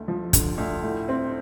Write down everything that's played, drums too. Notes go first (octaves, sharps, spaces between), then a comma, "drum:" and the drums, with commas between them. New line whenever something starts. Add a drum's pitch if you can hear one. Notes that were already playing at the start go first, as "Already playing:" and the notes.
Already playing: D2 A3
F3
D3, drum: kick, hi-hat
D2
A2
C4